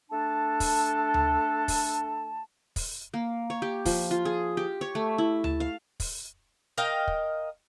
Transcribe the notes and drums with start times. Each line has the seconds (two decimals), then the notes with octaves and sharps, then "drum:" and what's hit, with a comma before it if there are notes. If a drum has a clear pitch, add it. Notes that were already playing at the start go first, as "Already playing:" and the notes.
0.11 A3 D4 A4 A5
0.60 drum: kick, open hi-hat
1.14 drum: tom D2
1.68 drum: kick, open hi-hat
2.76 drum: kick, open hi-hat
3.14 A#3
3.50 C#5
3.62 G4
3.85 F3, drum: kick, open hi-hat
4.11 F4
4.25 G#4
4.57 G4
4.81 C#5
4.95 A3
5.18 E4
5.44 A5, drum: tom D2
5.60 F5
6.00 drum: kick, open hi-hat
6.78 A#4 D#5 F5 G5
7.08 drum: kick